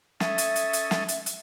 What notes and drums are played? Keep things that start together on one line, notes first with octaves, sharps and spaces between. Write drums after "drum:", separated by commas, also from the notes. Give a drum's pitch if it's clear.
C#4 A4 E5 D#6, drum: snare
drum: hi-hat
drum: hi-hat
drum: hi-hat
drum: snare
drum: hi-hat
drum: hi-hat